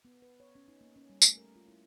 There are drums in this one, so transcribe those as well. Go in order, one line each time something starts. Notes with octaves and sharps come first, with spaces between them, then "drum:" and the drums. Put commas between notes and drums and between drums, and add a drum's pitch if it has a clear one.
B3
B4
C#5
C#4
D#4
A#3
C#4
G3
A3, drum: tambourine
A#4
F4
E4